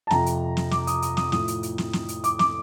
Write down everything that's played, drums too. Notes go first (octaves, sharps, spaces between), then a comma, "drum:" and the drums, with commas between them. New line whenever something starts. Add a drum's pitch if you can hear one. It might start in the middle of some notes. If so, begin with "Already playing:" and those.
A5
F2 C3 F3 A#5, drum: snare
drum: hi-hat
drum: snare
D6, drum: snare
D#6, drum: hi-hat
D#6, drum: hi-hat
D#6, drum: snare
A2 F3 D#6, drum: snare
drum: hi-hat
drum: hi-hat
drum: snare
drum: snare
drum: hi-hat
D6, drum: hi-hat
D6, drum: snare